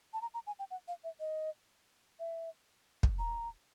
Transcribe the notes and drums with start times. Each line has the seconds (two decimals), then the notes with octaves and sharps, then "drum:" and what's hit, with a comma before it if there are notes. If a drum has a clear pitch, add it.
0.13 A5
0.22 A#5
0.34 A#5
0.47 G#5
0.59 G5
0.71 F#5
0.88 F5
1.04 E5
1.20 D#5
2.20 E5
3.03 drum: kick
3.19 A#5